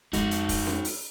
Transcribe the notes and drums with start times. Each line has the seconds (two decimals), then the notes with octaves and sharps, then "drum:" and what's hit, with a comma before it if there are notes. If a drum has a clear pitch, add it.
0.13 F2 G#3 D#4 F#4, drum: kick, hi-hat
0.31 drum: hi-hat
0.49 drum: kick, open hi-hat
0.67 drum: snare C#4
0.85 drum: open hi-hat